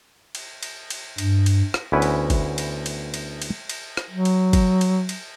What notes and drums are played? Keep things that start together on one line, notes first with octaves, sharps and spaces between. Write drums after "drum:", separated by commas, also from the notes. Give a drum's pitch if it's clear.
drum: cymbal
drum: cymbal
drum: cymbal
G2, drum: cymbal
drum: cymbal
drum: rim click
D2 B3 C#4 E4 B4 G#5
drum: cymbal
drum: kick G1, cymbal
drum: cymbal
drum: cymbal
drum: cymbal
drum: cymbal
drum: cymbal
drum: rim click
F#3
drum: cymbal
drum: kick G1, cymbal
drum: cymbal
drum: cymbal